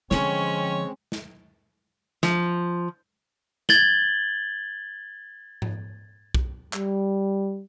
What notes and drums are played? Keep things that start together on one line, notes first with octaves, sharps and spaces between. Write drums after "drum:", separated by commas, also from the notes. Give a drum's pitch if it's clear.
D3 F3 G#3 C4 C#4 C#5, drum: snare
drum: snare
F3, drum: snare
G#6 A6 F#7 G7, drum: snare
drum: tom G#2
drum: kick B1
G3, drum: clap